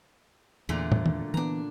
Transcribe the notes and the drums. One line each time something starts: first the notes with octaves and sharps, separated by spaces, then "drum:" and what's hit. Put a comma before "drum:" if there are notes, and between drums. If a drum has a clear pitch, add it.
E2 A#2 D3 A3
drum: tom
drum: tom
E3 B3 D4 A#5